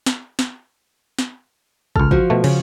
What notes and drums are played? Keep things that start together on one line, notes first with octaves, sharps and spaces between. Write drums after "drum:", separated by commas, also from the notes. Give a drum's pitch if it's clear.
drum: snare
drum: snare
drum: snare
C#2 A4 F6, drum: kick
F3 F#4, drum: kick
B2 A3
C#3 C#4, drum: cymbal